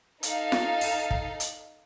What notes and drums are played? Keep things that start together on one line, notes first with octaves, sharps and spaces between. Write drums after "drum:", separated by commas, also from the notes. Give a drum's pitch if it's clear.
D#4 A4 F5, drum: hi-hat
drum: snare F4
drum: open hi-hat
drum: kick
drum: hi-hat